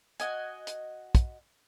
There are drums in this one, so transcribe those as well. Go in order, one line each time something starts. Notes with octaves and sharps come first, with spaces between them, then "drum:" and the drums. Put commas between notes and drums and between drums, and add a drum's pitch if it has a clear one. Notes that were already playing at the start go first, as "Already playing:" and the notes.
F#4 D#5 G#5, drum: hi-hat
drum: hi-hat
drum: kick, hi-hat